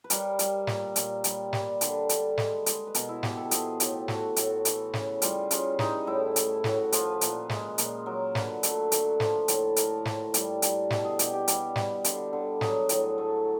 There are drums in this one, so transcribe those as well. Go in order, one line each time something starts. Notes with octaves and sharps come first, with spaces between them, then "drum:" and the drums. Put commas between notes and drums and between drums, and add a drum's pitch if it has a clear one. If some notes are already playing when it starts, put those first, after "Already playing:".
B4
G3 A#4, drum: hi-hat
G3, drum: hi-hat
A#2, drum: snare
A#2, drum: hi-hat
G3, drum: hi-hat
G3, drum: snare
D3 B4, drum: hi-hat
D3, drum: hi-hat
G#3, drum: snare
G#3, drum: hi-hat
B4
B2 A#4, drum: hi-hat
E4
B2 G4, drum: snare
A4
F3 G#4, drum: hi-hat
A2 G4, drum: hi-hat
A3 F#4, drum: snare
A2, drum: hi-hat
E3, drum: hi-hat
C#3, drum: snare
G3 F4, drum: hi-hat
C#3 F4, drum: hi-hat
E3 D#4, drum: snare
A2 E4
A3, drum: hi-hat
A2 F#4, drum: snare
F3 B4, drum: hi-hat
A#2, drum: hi-hat
G#3, drum: snare
A#2, drum: hi-hat
F#3 A#4
D3 B4, drum: snare
A3, drum: hi-hat
D3, drum: hi-hat
F3, drum: snare
A2, drum: hi-hat
A3 A#4, drum: hi-hat
A2, drum: snare
G3, drum: hi-hat
G3, drum: hi-hat
B2 A4, drum: snare
G#4
B2 G4, drum: hi-hat
G4
G3, drum: hi-hat
G3, drum: snare
D3, drum: hi-hat
D3
F#3 G#4, drum: snare
A2, drum: hi-hat
A3